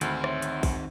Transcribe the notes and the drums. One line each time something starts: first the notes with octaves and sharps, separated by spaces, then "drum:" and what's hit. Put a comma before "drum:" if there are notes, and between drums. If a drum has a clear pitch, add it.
D2 D#3 C4 B5 C6 F6, drum: hi-hat
C#5 E5 C6, drum: rim click
drum: hi-hat
drum: kick A#1, open hi-hat